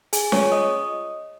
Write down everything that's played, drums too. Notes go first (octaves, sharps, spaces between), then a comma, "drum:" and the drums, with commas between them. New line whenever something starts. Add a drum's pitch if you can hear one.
G#4 G#5, drum: hi-hat
F4 G#4 C#5 C#6, drum: snare C#4
D#5 D#6